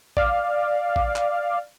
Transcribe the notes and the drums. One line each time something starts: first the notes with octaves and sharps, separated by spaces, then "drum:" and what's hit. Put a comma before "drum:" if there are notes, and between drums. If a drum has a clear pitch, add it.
D5 F5, drum: kick
drum: kick
drum: clap